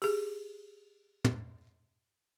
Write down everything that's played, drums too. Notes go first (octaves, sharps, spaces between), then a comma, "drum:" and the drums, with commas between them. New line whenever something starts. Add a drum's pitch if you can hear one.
G4 G#4, drum: open hi-hat
drum: tom